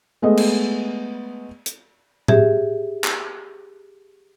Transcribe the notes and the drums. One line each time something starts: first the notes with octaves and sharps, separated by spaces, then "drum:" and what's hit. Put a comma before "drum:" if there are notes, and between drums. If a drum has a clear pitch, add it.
G#3 A3 B3 D#5
drum: cymbal
drum: hi-hat
G4 G#4 E5, drum: tom A2
drum: clap